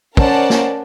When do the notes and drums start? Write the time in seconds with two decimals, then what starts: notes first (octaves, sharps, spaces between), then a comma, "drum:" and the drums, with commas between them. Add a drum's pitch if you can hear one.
0.17 C#4 A#4 C5 D5 F#5 A5, drum: kick
0.50 drum: snare